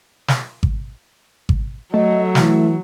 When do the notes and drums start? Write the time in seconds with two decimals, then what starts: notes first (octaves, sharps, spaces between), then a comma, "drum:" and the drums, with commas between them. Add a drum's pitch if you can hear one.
0.28 drum: snare
0.63 drum: kick G#1
1.49 drum: kick G#1
1.94 F#3 A3 D#5
2.35 E3, drum: snare